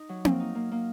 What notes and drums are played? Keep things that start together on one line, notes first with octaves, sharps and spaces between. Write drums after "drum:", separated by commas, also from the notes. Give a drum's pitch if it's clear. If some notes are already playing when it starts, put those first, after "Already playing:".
Already playing: D#4
F#3
A#3, drum: tom C4
D#4
A#3
A#3